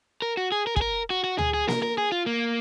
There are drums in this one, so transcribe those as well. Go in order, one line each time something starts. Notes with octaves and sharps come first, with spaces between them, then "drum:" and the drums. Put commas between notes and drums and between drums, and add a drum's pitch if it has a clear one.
A#4
F#4
G#4
A#4
G#4, drum: kick
A#4
F#4
F#4
G#4, drum: tom D2
G#4
A#4, drum: snare A#3
A#4
G#4
F4
A#3